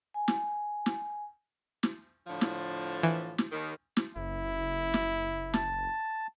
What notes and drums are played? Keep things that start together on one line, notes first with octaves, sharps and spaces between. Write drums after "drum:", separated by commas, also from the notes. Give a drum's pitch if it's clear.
G#5
drum: snare
drum: snare
drum: snare
A2 D3 F3
drum: snare
E3
drum: snare
D#2 D#3
drum: snare
F#1 E4
drum: snare
A5, drum: snare